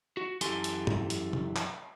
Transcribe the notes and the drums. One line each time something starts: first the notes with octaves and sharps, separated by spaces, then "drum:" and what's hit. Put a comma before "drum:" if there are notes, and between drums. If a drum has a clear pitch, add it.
F#4
F#2 E3 G4 A4 G#5 C6, drum: hi-hat
drum: hi-hat
drum: tom G#2
drum: hi-hat
drum: tom B2
drum: clap